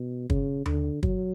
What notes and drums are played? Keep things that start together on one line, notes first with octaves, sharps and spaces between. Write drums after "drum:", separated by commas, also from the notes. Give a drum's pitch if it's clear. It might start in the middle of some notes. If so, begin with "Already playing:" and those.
Already playing: B2
C#3, drum: kick
D3, drum: tom D#2
F#3, drum: kick